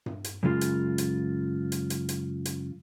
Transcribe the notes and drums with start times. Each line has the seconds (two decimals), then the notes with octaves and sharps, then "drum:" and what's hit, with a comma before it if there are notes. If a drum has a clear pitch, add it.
0.06 drum: tom G2
0.24 drum: hi-hat
0.43 F#2 C#3 G#3 F4
0.61 drum: hi-hat
0.98 drum: hi-hat
1.72 drum: hi-hat
1.90 drum: hi-hat
2.09 drum: hi-hat
2.45 drum: hi-hat